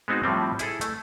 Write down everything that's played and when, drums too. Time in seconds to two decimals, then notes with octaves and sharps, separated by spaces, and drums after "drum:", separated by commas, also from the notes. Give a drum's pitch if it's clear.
0.08 G#3 B3 C4 D#4 F#4
0.23 A2 F3 G3 C4
0.59 E4 G#4 A4, drum: hi-hat
0.81 A3, drum: hi-hat